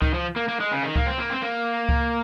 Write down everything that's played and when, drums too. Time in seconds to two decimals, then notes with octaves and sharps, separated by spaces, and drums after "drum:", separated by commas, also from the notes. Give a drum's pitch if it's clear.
0.02 D#3, drum: kick C#2
0.14 F3
0.36 A#3
0.48 A#3
0.60 G#3
0.72 C#3
0.83 D#3
0.96 A#3, drum: kick C#2
1.06 C4
1.19 A#3
1.30 C4
1.41 A#3
1.89 drum: kick C#2